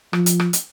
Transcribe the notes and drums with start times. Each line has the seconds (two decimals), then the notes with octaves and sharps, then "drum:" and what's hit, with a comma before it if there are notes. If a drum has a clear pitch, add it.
0.13 F3, drum: rim click
0.26 drum: hi-hat
0.40 drum: rim click
0.53 drum: hi-hat